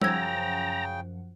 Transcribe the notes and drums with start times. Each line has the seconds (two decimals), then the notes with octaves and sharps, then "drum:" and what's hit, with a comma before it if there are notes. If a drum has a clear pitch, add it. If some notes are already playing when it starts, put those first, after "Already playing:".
0.02 F#2 C#3 F3 F#5 G5 A#5 E6 G#6, drum: tom G3